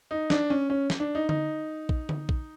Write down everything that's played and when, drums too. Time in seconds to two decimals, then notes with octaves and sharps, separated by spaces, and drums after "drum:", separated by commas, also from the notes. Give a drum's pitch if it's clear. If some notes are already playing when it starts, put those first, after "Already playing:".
0.11 D#4
0.30 D4, drum: snare
0.50 C#4
0.70 C#4
0.90 drum: snare
1.00 D4
1.15 D#4
1.29 D#4, drum: tom D3
1.89 drum: kick A#1
2.09 drum: tom D3
2.29 drum: kick A#1